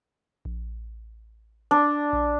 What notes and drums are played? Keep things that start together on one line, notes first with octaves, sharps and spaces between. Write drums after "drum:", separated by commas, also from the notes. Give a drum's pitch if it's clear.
drum: kick A#1
D4
drum: kick A#1